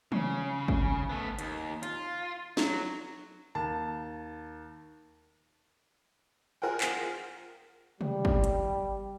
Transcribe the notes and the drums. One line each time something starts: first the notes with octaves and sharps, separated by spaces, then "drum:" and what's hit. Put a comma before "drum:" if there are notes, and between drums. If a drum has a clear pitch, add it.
C#3, drum: tom
drum: kick
A3 B3
D#2, drum: hi-hat
F4, drum: hi-hat
F#3, drum: snare
D#2 A5
F4 G#4 A#4 C5 F#5 G5
drum: clap
G3, drum: tom C3
drum: kick
drum: hi-hat